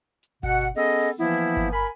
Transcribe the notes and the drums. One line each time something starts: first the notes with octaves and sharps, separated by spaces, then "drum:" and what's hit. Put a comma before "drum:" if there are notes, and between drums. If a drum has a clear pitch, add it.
drum: hi-hat
B2 F#5, drum: kick G1, hi-hat
drum: hi-hat
B3 C#4 G#4 A4 D#5
drum: open hi-hat
E3 F3 A#3 B3 E4
drum: hi-hat
drum: kick G1, hi-hat
A#4 G#5 B5